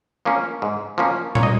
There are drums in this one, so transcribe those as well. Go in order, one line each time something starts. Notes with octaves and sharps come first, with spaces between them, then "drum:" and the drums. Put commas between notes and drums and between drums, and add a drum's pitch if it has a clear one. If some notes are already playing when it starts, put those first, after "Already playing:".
F3 A#3 C#4
G#2
F3 A#3 C#4
A#2 C#5, drum: tom A#2
D#5